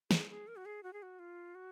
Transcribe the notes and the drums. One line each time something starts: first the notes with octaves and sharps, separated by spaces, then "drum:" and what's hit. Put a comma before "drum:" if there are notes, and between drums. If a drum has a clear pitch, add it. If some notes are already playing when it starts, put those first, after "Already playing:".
G#4, drum: snare
G#4
A#4
F#4
G#4
F#4
G#4
F#4
F4
F#4